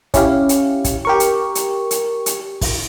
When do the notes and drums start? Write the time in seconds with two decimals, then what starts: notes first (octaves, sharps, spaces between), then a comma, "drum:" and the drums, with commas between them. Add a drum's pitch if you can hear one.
0.14 C#4 E4 G4 F5, drum: kick, hi-hat
0.49 drum: hi-hat
0.84 drum: kick, hi-hat
1.05 G4 A#4 C#6
1.20 drum: hi-hat
1.55 drum: hi-hat
1.91 drum: hi-hat
2.26 drum: hi-hat
2.61 drum: kick, open hi-hat